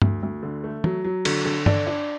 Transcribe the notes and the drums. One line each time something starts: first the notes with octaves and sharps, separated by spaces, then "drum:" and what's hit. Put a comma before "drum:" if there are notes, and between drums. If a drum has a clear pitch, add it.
D2, drum: tom G2
D2
D3
A3
F#3, drum: tom
F#3
D3, drum: cymbal
D3
D4, drum: tom G2
D4